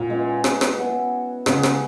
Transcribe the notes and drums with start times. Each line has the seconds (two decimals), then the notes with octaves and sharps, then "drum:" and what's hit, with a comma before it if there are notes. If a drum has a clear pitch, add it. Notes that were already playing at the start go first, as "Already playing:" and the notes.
Already playing: A#2 C#4 F#4
0.10 C#3 E3 G#3
0.44 drum: rim click
0.61 drum: rim click
0.78 B3 F#4 C#5 E5
1.46 C#3 G#3 B3 D#4, drum: rim click
1.63 drum: rim click